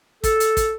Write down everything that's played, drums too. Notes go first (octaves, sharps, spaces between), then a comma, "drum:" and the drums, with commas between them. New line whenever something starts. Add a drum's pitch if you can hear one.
A4, drum: kick, hi-hat
drum: hi-hat
drum: kick, hi-hat